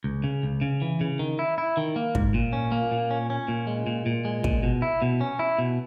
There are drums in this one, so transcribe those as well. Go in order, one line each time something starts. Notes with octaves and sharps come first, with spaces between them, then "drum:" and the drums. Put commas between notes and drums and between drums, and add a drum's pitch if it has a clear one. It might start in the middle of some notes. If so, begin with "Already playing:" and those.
C#2
C#3
C#2
C#3
E3
C#3
D#3
E4
E4
D#3
A#3
G#2, drum: kick
A#2
C#4
A#3
A#2
C#4
C#4
A#2
G#3
A#2
A#2
G#3
A#2, drum: kick
B2
E4
B2
C#4
E4
B2